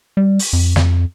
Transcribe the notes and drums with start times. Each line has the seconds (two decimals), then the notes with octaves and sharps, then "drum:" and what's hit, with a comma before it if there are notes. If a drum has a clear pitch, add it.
0.17 G3
0.39 drum: open hi-hat
0.53 F2
0.76 F2, drum: snare